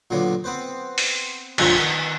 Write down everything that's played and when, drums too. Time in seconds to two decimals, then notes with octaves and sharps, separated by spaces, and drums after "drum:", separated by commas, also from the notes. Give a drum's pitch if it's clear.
0.10 A#2 D3 F#3 B3
0.44 B3 C4 B4 C5
0.98 drum: open hi-hat
1.58 A#1 G2 D3 F3 F4 C#5, drum: cymbal
1.76 D#3 B3 A#4